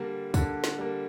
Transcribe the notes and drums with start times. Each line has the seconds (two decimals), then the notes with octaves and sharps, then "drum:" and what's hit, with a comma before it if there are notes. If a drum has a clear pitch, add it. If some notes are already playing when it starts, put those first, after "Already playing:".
Already playing: D3 G3 A#3
0.34 D3, drum: kick, tambourine
0.64 drum: snare
0.78 G3 A#3